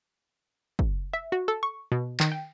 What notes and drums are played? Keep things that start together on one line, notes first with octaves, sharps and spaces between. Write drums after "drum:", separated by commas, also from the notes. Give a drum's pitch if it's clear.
drum: kick
E5
F#4
A4
C#6
B2
D#3, drum: clap
G5